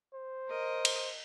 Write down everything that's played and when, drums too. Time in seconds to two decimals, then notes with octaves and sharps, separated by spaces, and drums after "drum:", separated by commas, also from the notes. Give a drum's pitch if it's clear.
0.14 C5
0.48 A#4 D#5
0.85 drum: cymbal